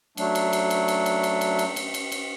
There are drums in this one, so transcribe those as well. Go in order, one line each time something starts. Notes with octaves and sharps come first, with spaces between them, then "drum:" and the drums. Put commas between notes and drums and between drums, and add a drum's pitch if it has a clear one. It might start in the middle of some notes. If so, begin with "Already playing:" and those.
F#3 A3 D4, drum: cymbal
drum: cymbal
drum: cymbal
drum: cymbal
drum: cymbal
drum: cymbal
drum: cymbal
drum: cymbal
drum: cymbal
drum: cymbal
drum: cymbal
drum: cymbal